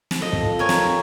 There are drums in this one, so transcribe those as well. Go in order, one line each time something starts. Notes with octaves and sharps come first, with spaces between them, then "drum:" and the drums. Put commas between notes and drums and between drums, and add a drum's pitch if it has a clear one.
drum: snare
C4 F4 A4 D#5
drum: kick
A#4 C#5 G#5
drum: snare